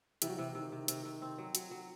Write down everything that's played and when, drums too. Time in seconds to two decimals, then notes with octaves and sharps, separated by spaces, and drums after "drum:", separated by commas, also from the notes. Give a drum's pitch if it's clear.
0.22 C3 E3, drum: hi-hat
0.29 F#3
0.36 C3 E3
0.55 C3 D#3
0.72 C3
0.88 C3, drum: hi-hat
1.05 C3
1.22 C4
1.38 F#3
1.55 F#3, drum: hi-hat
1.71 F#3